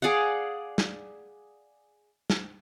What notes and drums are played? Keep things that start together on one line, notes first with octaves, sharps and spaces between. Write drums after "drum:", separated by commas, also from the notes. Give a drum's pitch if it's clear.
G#4 D5 F5 F#5
drum: snare
drum: snare